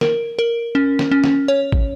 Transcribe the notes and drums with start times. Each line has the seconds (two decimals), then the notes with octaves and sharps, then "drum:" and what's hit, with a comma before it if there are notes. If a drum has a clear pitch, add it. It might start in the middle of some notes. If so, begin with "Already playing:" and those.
0.01 A#4, drum: snare
0.39 A#4
0.75 C#4
0.99 drum: snare
1.11 C#4
1.24 drum: snare
1.48 C#5
1.72 drum: kick